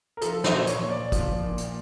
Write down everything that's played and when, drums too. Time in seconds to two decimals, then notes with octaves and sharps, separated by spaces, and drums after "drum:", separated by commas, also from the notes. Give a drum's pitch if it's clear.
0.17 A#4
0.21 F3 A4, drum: hi-hat
0.44 C5, drum: snare
0.52 A#2
0.67 C#5, drum: hi-hat
0.82 A#2
0.90 D5
1.12 F3, drum: kick, hi-hat
1.43 A#2
1.58 drum: hi-hat